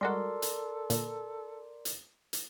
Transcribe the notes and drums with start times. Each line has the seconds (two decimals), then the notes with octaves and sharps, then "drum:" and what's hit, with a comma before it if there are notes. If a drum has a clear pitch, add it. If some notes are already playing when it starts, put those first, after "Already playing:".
0.01 G3 G#3 F#4 A4 A#4 D5 C6
0.42 drum: hi-hat
0.90 A#2 D3, drum: hi-hat
1.85 drum: hi-hat
2.33 drum: hi-hat